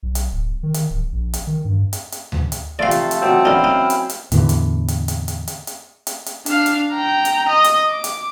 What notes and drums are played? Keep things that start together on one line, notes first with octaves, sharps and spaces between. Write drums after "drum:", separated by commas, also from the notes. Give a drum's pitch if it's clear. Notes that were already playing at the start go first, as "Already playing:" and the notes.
B1
drum: hi-hat
D1
D#3
drum: hi-hat
D1
A#1
drum: hi-hat
D#3
G2
drum: hi-hat
drum: hi-hat
drum: tom D2
drum: hi-hat
C3 F3 A3 F4 A4 D5 E5 F5
drum: hi-hat
drum: hi-hat
B2 F#3 A#3 C4
D3 C#4 D#4 E4 F5
D#4
drum: hi-hat
drum: hi-hat
E2 A2 D3 E3, drum: hi-hat
drum: hi-hat
drum: hi-hat
drum: hi-hat
drum: hi-hat
drum: hi-hat
drum: hi-hat
drum: hi-hat
drum: hi-hat
D4 F5, drum: hi-hat
drum: hi-hat
G5 A#5
drum: hi-hat
D#5
drum: hi-hat
D6
drum: hi-hat